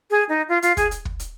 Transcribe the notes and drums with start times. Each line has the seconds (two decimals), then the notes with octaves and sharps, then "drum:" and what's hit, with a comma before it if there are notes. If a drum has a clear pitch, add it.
0.11 G#4
0.29 D#4
0.49 F4
0.62 F4, drum: hi-hat
0.77 G#4, drum: kick, hi-hat
0.91 drum: hi-hat
1.05 drum: kick
1.20 drum: hi-hat